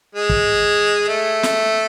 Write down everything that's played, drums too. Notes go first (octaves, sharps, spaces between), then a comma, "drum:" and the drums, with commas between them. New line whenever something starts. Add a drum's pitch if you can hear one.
G#3
drum: kick
A3
drum: snare